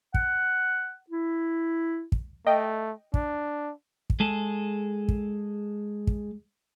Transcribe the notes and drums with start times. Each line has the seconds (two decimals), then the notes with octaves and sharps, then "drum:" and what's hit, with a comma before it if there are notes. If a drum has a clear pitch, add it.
0.14 F#5, drum: kick
1.10 E4
2.12 drum: kick
2.47 A3 D#5 G5
3.14 D4, drum: kick
4.10 drum: kick
4.20 G#3 G#4 A4
5.08 drum: kick
6.07 drum: kick